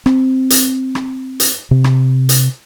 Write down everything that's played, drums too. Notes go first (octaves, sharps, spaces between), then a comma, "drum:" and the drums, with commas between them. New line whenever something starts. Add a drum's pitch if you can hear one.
C4, drum: rim click
drum: hi-hat
drum: rim click
drum: hi-hat
C3
drum: rim click
drum: hi-hat